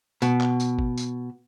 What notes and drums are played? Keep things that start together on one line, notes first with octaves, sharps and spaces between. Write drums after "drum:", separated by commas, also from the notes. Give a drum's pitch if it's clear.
B2, drum: tambourine
drum: clap
drum: tambourine
drum: kick G#1
drum: tambourine